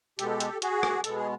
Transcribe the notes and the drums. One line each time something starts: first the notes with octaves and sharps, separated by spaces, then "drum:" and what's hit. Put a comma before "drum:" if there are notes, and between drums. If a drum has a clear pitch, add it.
B2 G#3 B3 G4 A4, drum: hi-hat
drum: hi-hat
F#4 G#4, drum: hi-hat
drum: rim click
B2 G#3 B3 A4, drum: hi-hat
G#4